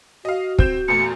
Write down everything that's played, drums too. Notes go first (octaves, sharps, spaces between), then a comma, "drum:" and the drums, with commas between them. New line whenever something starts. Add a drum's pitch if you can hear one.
F#4 D#5 F5
C4 G6 E7, drum: kick
E2 A#2 A3 C#7